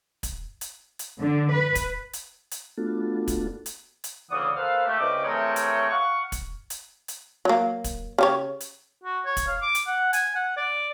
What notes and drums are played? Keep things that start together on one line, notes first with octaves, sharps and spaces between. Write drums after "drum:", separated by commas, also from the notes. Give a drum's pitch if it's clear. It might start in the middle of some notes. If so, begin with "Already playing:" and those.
drum: kick, hi-hat
drum: hi-hat
drum: hi-hat
D3
B4
drum: kick, hi-hat
drum: hi-hat
drum: hi-hat
A3 B3 D4 F4 F#4 A4
drum: kick, hi-hat
drum: hi-hat
drum: hi-hat
D2 C#3 E3 D5 F#5 D#6
A#3 A4 B4 C5 F5
A3 G4
C2 C#3 G4 B4 D#5 D6
E3 A3 C4 G#4 A#4 C#5
drum: hi-hat
F5 F#5 C#6
drum: kick, hi-hat
drum: hi-hat
drum: hi-hat
F#3 A#3
drum: kick, hi-hat
C#3 G4 C#5
drum: hi-hat
F#4
C#5
drum: kick, hi-hat
F5
D6
drum: hi-hat
F#5
G#5, drum: hi-hat
F#5
D5